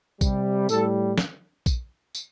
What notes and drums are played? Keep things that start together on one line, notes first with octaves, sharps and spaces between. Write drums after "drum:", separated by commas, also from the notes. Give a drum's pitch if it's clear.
C3 G3, drum: kick A#1, tambourine
A2 G3 A4, drum: tambourine
drum: snare
drum: kick A#1, tambourine
drum: tambourine